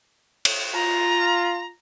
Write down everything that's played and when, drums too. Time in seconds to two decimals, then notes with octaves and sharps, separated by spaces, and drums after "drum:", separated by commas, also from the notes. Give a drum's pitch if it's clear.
0.45 drum: cymbal
0.75 F4 A#5